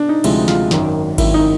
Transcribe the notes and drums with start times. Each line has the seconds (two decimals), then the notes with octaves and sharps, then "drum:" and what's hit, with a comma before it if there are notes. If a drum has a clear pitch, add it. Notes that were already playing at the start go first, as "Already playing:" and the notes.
Already playing: D4
0.09 D#4
0.24 D2 C3 F3 G#3 E4, drum: cymbal
0.48 F4, drum: snare
0.71 G#1 F#2 D#3, drum: snare
1.18 G#1 F#2 D#3 E4, drum: kick G#1, cymbal
1.34 D#4